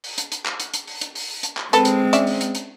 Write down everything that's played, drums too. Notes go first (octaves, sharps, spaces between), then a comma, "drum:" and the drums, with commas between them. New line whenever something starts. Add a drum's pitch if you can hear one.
drum: open hi-hat
drum: hi-hat
drum: hi-hat
drum: clap
drum: hi-hat
drum: hi-hat
drum: open hi-hat
drum: hi-hat
drum: open hi-hat
drum: hi-hat
drum: clap
G#3 C4 A4 B4, drum: hi-hat
drum: hi-hat
C#4 D5 E5, drum: hi-hat
drum: open hi-hat
drum: hi-hat
drum: hi-hat